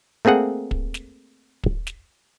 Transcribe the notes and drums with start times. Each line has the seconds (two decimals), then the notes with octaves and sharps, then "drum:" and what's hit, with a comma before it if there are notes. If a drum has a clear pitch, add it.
0.25 A3 A#3 C4 G#4 F#5
0.71 drum: kick
0.94 drum: snare
1.64 drum: kick
1.87 drum: snare